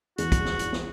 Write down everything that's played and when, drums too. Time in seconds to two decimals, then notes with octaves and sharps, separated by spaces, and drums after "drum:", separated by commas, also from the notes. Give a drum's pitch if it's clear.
0.18 E2 F#4, drum: hi-hat
0.32 drum: kick, hi-hat
0.45 drum: snare
0.59 drum: hi-hat
0.73 drum: snare